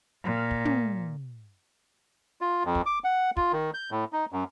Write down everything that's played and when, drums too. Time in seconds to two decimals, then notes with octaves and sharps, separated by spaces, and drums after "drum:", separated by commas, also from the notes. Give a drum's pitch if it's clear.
0.23 A#2
0.51 drum: kick
0.65 drum: tom
2.41 F4
2.65 F2
2.75 drum: kick
2.86 D6
3.04 F#5
3.37 F4, drum: kick
3.52 D#3
3.74 G6
3.91 A2
4.13 D#4
4.32 F#2